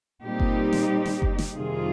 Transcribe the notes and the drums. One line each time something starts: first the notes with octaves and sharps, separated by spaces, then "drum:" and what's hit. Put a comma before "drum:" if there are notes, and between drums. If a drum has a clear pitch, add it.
A#2 G3 C4 D#4 G4
drum: kick F#1
drum: snare
drum: snare
drum: kick F#1
drum: snare
F2 C3 D#3 G3 F4 G#4